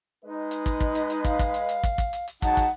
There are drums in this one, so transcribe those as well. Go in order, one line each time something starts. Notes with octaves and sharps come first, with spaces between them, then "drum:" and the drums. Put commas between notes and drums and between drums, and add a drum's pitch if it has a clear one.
G#3 D#4 B4 D#5
drum: hi-hat
drum: kick, hi-hat
drum: kick
drum: hi-hat
drum: hi-hat
F5, drum: kick, hi-hat
drum: kick, hi-hat
drum: hi-hat
drum: hi-hat
drum: kick, hi-hat
drum: kick, hi-hat
drum: hi-hat
drum: hi-hat
F#3 G#3 D#4 F#5 A5, drum: kick, hi-hat
drum: kick, hi-hat